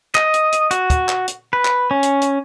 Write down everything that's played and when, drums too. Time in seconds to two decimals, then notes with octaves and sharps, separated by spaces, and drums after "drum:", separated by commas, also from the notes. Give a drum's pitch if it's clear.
0.15 D#5, drum: clap
0.34 drum: hi-hat
0.52 drum: hi-hat
0.71 F#4, drum: hi-hat
0.90 drum: kick, hi-hat
1.09 drum: clap
1.28 drum: hi-hat
1.53 B4
1.65 drum: clap
1.91 C#4
2.03 drum: hi-hat
2.22 drum: hi-hat